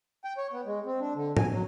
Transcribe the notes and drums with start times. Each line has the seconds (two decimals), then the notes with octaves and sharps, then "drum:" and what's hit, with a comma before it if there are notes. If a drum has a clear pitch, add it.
0.25 G5
0.38 C#5
0.53 B3
0.66 G#3
0.86 C4
1.00 D4
1.16 D3
1.37 G#5, drum: tom
1.51 F#3